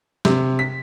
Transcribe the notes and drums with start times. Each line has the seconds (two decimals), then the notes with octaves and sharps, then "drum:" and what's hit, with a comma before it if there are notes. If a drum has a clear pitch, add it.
0.25 C3, drum: snare
0.59 B6